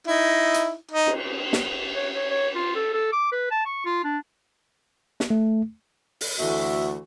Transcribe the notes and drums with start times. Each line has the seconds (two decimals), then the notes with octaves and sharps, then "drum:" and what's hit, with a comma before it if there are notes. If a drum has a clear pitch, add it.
0.08 D#4 E4
0.54 drum: hi-hat
0.92 D#4
1.06 drum: cymbal
1.53 drum: snare
1.95 C#5
2.15 C#5
2.30 C#5
2.56 F4
2.75 A4
2.93 A4
3.12 D6
3.32 B4
3.51 A5
3.66 C#6
3.85 F4
4.04 D4
5.20 drum: snare
5.30 A3
6.21 drum: open hi-hat
6.39 D2 E3 A3 F#4 E5